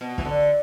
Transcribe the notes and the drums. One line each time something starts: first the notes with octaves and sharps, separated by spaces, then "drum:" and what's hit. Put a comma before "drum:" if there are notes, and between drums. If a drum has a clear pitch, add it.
B2
E3, drum: kick
D3